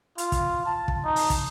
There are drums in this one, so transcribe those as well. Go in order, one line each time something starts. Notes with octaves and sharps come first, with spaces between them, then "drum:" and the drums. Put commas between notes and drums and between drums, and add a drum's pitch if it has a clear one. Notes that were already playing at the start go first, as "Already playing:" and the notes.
F4, drum: hi-hat
drum: kick, hi-hat
A5
drum: kick
D#4
drum: open hi-hat
drum: kick, hi-hat